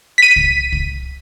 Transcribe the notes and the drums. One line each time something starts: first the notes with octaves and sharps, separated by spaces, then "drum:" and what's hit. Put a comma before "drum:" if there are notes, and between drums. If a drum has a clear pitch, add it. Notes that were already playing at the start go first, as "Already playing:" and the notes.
B6 D#7
drum: kick
drum: kick